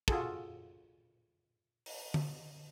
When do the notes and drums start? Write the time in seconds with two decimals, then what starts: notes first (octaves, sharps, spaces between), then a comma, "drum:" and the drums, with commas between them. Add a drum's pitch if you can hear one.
0.08 F4 F#4 G#4 A4, drum: kick
1.86 drum: open hi-hat
2.14 drum: tom D3